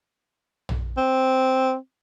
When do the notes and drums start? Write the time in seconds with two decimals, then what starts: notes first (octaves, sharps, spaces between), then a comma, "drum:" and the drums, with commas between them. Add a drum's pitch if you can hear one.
0.69 drum: tom A#1
0.97 C4